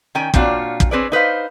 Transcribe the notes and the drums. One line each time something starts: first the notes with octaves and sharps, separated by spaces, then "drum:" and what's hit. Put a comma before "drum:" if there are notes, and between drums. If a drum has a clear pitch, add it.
D#3 C#4 G5 G#5
A#2 C4 D4 F4 F#4 C#5, drum: kick
drum: kick
C4 G#4 B4 C#5 D5
D#4 B4 C5 F5